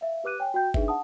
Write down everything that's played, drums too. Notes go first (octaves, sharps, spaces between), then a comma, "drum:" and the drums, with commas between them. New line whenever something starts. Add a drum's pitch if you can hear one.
E5 F5
G4 B4 D6 F#6 D#7
C#5 G5 G#5
F#4 G5 G6
D4 D#4 G#4 B4 E5, drum: kick G1
F#5 A5 D#6